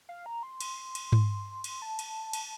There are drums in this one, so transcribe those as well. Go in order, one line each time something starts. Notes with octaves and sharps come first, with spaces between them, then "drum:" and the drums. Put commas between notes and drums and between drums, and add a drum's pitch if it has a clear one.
F5
A#5
C6
drum: cymbal
drum: cymbal
drum: tom G#2
drum: cymbal
A5
drum: cymbal
drum: cymbal